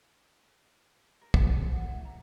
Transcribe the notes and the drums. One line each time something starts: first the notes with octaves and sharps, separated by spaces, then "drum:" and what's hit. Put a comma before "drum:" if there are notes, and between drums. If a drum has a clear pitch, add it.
A#4
F4, drum: kick
G#5
A4
F#5
E4
A#5